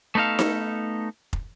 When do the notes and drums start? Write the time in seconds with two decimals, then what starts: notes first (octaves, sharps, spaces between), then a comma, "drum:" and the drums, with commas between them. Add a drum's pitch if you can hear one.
0.15 A3 B3 D#4 A4 F5
0.39 drum: snare D#4
1.33 drum: kick